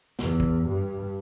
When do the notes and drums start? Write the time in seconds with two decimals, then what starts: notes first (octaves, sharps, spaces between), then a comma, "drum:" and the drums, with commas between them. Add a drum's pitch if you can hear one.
0.19 E2, drum: snare
0.40 drum: kick
0.67 G2